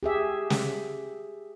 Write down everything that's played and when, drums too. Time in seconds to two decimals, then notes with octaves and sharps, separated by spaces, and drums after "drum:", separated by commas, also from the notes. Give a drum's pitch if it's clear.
0.03 G4 G#4 E5
0.50 drum: snare